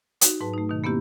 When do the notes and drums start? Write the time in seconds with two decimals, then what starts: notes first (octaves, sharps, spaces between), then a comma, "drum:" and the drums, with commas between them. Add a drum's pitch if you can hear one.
0.21 D#4 F#4, drum: hi-hat
0.41 G#2 F#3 B4 A5
0.53 A3 D#4
0.69 B2 D#3
0.84 A#3 B3 C#4 E4 G4